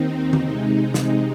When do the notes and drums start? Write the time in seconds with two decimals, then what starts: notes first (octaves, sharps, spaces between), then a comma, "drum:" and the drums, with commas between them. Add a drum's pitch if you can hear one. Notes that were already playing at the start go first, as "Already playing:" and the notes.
Already playing: D#2 D#3 C4 D#4
0.33 drum: tom D3
0.43 C3 G#3 D#4
0.94 drum: snare